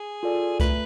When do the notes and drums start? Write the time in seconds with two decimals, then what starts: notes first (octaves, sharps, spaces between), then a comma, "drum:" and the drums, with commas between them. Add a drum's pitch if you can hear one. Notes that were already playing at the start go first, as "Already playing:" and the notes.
Already playing: G#4
0.23 F4 A4 D5 G#5
0.60 A3 B4, drum: kick C2, hi-hat